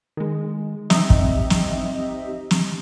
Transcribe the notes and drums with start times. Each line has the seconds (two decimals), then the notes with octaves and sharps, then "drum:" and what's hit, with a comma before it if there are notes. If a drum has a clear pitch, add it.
0.17 D#3 G#3
0.90 C4 D#4 G4 D#5 E5, drum: snare
1.10 drum: kick
1.50 drum: snare
2.51 drum: snare